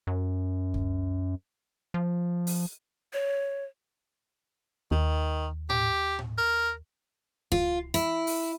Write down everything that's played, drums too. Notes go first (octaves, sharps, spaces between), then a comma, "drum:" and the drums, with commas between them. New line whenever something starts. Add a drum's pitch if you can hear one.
F#2
drum: kick C#2
F3
drum: open hi-hat
C#5
D#2 D#3
G4, drum: tom A2
drum: tom A2
A#4
F4, drum: kick C#2
E4, drum: hi-hat
drum: open hi-hat